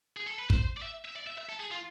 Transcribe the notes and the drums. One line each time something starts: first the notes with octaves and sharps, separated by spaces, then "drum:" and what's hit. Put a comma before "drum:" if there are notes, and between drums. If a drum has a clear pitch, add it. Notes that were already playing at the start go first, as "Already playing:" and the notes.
G#4
A4
B4
C5, drum: kick
D5
E5
E5
D5
E5
E5
A4
G#4
F4